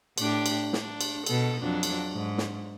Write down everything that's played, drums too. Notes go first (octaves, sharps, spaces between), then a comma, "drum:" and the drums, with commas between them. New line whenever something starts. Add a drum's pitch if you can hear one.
A2 D4 G4, drum: cymbal
drum: cymbal
D4, drum: snare
drum: cymbal
B2 A4, drum: cymbal
F2 F#3 D4
drum: cymbal
G#2
drum: snare